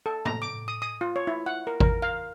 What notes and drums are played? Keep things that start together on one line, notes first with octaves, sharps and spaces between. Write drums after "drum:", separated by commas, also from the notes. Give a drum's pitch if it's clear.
A4
A#5, drum: tom A2
D6
D#6
D#6
F4
C#5
E4
F#5
A#4
A#4, drum: kick G#1
F5